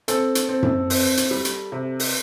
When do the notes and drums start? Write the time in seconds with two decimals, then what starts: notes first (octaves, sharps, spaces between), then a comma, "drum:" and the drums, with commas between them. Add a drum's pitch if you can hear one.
0.08 C4 A4, drum: hi-hat
0.35 drum: hi-hat
0.49 C4
0.63 drum: tom F#2
0.90 C4, drum: open hi-hat
1.17 drum: hi-hat
1.31 G3
1.45 drum: hi-hat
1.72 C3
2.00 drum: open hi-hat